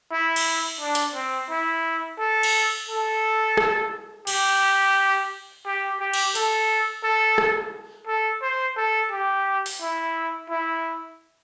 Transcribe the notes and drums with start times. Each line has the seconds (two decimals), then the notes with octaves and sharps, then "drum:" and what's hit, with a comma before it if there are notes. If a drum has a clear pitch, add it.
0.12 E4
0.36 drum: cymbal
0.81 D4
0.95 drum: hi-hat
1.15 C4
1.50 E4
2.19 A4
2.43 drum: cymbal
2.89 A4
3.57 drum: rim click
4.27 G4, drum: cymbal
5.66 G4
6.00 G4
6.13 drum: cymbal
6.35 A4, drum: hi-hat
7.04 A4
7.38 drum: rim click
8.07 A4
8.42 C5
8.77 A4
9.11 G4
9.66 drum: open hi-hat
9.81 E4
10.50 E4